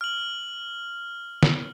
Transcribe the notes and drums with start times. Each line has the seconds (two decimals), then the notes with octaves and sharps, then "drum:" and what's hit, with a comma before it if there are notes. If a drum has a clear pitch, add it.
0.01 F6 F#7
1.43 drum: snare